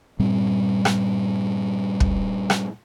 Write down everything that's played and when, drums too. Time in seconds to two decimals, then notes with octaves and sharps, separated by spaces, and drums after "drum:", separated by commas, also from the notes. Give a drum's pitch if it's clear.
0.19 G2 A#2 G3 C4
0.85 drum: rim click
2.00 drum: kick
2.50 drum: rim click